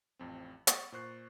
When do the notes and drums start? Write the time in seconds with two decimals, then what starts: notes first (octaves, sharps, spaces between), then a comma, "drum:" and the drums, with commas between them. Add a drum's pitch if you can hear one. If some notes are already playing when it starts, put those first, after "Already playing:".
0.19 A1 F2 C4
0.67 F#5 C#6 D#6 A6, drum: hi-hat
0.92 A#2 A#4 C5 C#6 F#6 C7